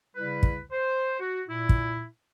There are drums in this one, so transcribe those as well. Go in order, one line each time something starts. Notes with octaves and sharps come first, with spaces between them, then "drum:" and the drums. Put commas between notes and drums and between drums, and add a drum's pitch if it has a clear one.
C#3 G3 E4 B4
drum: kick
C5
F#4
A#2 E4
drum: kick